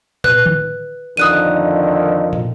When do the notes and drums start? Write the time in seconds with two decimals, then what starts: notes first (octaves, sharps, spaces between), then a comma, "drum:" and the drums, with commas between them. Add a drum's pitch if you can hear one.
0.24 B4 F#6, drum: tom
0.46 drum: tom D3
1.17 F2 D3 D#3 D#6 F#6 D#7
2.33 drum: tom